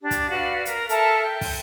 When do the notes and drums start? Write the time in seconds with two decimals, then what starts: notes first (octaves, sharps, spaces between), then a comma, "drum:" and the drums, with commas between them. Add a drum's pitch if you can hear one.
0.01 D4 G4
0.11 drum: kick, hi-hat
0.30 F#4 B4 D5 F5
0.65 A#4, drum: hi-hat
0.89 A4 A#4 E5 A5, drum: hi-hat
1.23 G5
1.41 drum: kick, open hi-hat